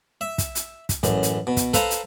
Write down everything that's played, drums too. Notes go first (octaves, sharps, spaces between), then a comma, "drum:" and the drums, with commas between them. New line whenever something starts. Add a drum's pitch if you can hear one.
E5
drum: kick, hi-hat
drum: hi-hat
drum: kick, hi-hat
A1 F#2, drum: kick, hi-hat
drum: hi-hat
B2
drum: kick, hi-hat
A4 B4 C5 F5 A#5, drum: kick, hi-hat
drum: hi-hat